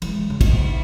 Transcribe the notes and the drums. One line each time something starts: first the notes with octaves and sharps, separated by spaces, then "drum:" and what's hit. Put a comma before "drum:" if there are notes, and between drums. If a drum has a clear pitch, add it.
E3 G#3, drum: cymbal
C#3
drum: kick, cymbal
D#4